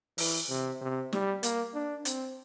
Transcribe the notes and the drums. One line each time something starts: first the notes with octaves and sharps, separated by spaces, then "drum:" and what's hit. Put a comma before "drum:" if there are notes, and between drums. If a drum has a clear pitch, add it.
E3, drum: open hi-hat
C3
C3
G3, drum: snare
A#3, drum: hi-hat
D4
C4, drum: hi-hat